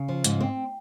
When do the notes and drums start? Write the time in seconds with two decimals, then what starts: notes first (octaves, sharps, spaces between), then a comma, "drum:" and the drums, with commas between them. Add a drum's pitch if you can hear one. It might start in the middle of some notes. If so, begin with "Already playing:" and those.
Already playing: C#3
0.08 F3
0.24 G#2, drum: hi-hat
0.41 C4